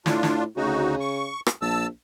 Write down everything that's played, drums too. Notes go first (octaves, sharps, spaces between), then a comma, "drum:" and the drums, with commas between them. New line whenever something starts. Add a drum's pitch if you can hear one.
A2 D4 F4, drum: snare
drum: snare
D2 C#3 D#4 F#4
C#6
drum: rim click
A#1 A5 E6